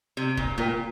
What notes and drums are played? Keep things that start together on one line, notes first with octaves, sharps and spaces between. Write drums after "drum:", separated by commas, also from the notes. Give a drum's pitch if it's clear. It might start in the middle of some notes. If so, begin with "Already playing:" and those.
C3
A#2, drum: kick F1
A#2 A#3 F4 A#4 G5